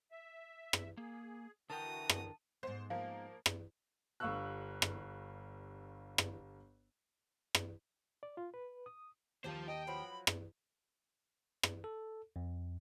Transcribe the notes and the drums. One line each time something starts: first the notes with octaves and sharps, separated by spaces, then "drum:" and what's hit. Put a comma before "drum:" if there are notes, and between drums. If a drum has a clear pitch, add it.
E5
drum: rim click
A#3 G#4
D3 E3 F#4 A#4 G5 A5 D#6
drum: rim click
G#2 B3 C5
F3 A#3 F5
drum: rim click
G1 G2 F5 C#6 E6 F#6
drum: rim click
drum: rim click
drum: rim click
D5
F4
B4
D#6
D#2 F4 G4 C5 A5
D#5 G5
F3 F#3 B4 B5
drum: rim click
drum: rim click
A4
F2